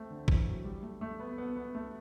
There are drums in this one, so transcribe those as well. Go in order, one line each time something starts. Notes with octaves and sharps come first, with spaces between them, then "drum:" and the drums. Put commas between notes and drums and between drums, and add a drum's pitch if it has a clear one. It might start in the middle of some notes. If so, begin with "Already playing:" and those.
Already playing: A3 C4
D3
E3, drum: kick
F#3
G3
A3
A3
B3
B3
B3
A3